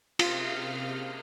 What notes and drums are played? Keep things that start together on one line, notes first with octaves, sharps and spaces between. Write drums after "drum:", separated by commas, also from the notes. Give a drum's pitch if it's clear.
C3 F4 F5 F6, drum: cymbal